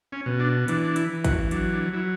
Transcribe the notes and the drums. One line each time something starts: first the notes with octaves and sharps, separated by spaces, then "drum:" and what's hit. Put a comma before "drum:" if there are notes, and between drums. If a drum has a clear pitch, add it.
C#4
B2
D4
E3 D4, drum: hi-hat
D4
E4, drum: hi-hat
E3
F#4, drum: kick, hi-hat
F#3 D4, drum: hi-hat
D4
F#3 E4